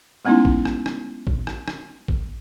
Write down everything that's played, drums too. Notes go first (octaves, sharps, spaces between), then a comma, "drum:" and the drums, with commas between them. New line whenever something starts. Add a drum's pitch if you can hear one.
G#3 A3 B3 C#4 D#4 E4
drum: kick A#1
drum: rim click
drum: rim click
drum: kick A#1
drum: rim click
drum: rim click
drum: kick A#1